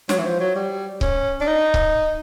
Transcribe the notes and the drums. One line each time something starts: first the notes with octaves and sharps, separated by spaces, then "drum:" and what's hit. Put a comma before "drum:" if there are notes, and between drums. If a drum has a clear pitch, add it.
F#3, drum: snare
E3
F3
F#3
G3
C#4, drum: kick C#1
D4
D#4
drum: kick C#1